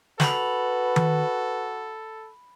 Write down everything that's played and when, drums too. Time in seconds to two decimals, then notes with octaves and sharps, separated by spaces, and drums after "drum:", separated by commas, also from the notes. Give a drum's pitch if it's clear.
0.20 F#4 A4 B4 B5 F#7, drum: snare
0.96 drum: tom D#3